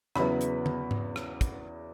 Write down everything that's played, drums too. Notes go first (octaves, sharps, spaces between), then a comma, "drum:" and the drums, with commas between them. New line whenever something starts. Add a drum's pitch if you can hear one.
E2 C#3 F#3 B3 E4 B5, drum: rim click
drum: hi-hat
drum: tom D3
drum: tom G#2
drum: rim click
drum: kick, hi-hat